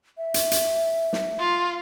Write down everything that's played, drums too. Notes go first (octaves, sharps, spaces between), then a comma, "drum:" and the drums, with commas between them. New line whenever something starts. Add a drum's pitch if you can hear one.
E5
drum: hi-hat
drum: hi-hat
drum: snare
F4